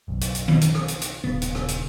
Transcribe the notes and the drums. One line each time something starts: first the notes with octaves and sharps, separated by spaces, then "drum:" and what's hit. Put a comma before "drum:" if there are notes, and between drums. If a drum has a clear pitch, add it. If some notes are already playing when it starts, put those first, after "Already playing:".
F#1 B1
drum: hi-hat
drum: hi-hat
drum: tom D#3
drum: hi-hat
drum: rim click
drum: hi-hat
drum: hi-hat
D#1 C#3 B3
drum: hi-hat
drum: rim click
drum: hi-hat